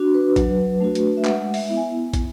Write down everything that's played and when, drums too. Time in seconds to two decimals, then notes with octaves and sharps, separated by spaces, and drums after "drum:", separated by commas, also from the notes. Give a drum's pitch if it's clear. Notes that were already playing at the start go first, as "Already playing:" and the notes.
Already playing: D4 F#4
0.14 B4
0.36 F#3, drum: kick, hi-hat
0.80 A3 D4 F#4
0.95 drum: hi-hat
1.17 E5
1.25 G#3 F#5, drum: clap
1.54 E5, drum: open hi-hat
1.69 B3 E4
1.77 G#5
2.14 drum: kick, hi-hat